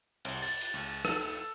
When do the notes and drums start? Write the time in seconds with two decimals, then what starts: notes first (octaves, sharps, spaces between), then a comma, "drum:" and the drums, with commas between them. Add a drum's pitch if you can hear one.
0.25 C2, drum: cymbal
0.42 A6, drum: open hi-hat
0.61 drum: cymbal
0.74 C#2
1.05 A4, drum: rim click